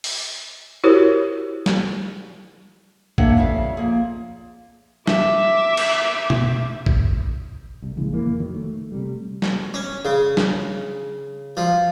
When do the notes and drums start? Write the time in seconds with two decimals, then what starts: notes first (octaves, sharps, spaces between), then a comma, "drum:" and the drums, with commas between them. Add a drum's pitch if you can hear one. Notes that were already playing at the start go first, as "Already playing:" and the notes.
0.04 drum: open hi-hat
0.84 E4 F#4 G4 A#4 C5 C#5
1.66 drum: snare
3.18 A#3 D4 A4 C#5 E5 F#5, drum: kick
3.37 F2 C#3 G3 A4 E5 F5
3.77 F3 A#3 G#4
5.07 E5 D6, drum: snare
5.77 drum: cymbal
6.30 drum: tom B2
6.86 drum: kick
7.82 C2
7.97 A#1 C#3 E3 G#3
8.11 F1 F2 E3 A#3
8.40 D#3 F#3
8.55 A3
8.92 C3 G3
9.42 drum: snare
9.74 C#4
10.05 C#3
10.37 drum: snare
11.57 F3